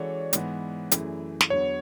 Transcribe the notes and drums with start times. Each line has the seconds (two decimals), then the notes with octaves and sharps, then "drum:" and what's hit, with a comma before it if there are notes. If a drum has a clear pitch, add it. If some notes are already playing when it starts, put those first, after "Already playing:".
Already playing: E3 G#3 C#4 F#4 A4 C#5 D5
0.33 G#2 E3 B3, drum: hi-hat
0.91 F#2 E3 A3 E4 G#4, drum: hi-hat
1.41 drum: snare
1.50 E2 D3 F#3 B3 C#5